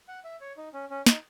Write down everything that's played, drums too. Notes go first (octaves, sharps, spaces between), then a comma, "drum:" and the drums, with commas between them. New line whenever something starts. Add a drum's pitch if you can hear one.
F#5
E5
C#5
D#4
C#4
C#4
D#4, drum: snare